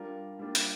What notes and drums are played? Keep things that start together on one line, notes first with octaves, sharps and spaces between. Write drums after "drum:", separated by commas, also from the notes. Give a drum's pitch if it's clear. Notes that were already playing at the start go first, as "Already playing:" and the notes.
Already playing: G3 D4 F4 A#4
G3 A#3 D4 F4
drum: hi-hat